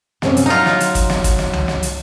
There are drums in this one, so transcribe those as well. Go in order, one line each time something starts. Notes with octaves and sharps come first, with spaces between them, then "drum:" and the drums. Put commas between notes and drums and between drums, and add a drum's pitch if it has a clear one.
F#2 C3 C#4, drum: snare
drum: hi-hat
F#3 D#4 F4
drum: snare
drum: hi-hat
drum: kick, hi-hat
drum: snare
drum: kick, hi-hat
drum: snare
drum: tom C2
drum: snare
drum: hi-hat